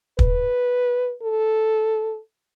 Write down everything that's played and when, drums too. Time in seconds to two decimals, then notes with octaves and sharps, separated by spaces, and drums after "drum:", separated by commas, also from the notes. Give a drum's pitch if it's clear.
0.19 B4, drum: kick
1.22 A4